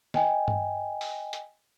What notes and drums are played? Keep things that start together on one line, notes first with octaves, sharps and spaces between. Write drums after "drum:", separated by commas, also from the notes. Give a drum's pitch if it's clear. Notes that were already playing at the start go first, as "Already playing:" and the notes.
D#5 G5 G#5, drum: snare
drum: tom G2
drum: open hi-hat
drum: hi-hat